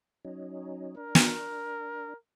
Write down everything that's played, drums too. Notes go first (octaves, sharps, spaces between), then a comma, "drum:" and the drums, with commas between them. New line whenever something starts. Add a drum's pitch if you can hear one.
F#3 C#4 D#4
D4 A#4
drum: snare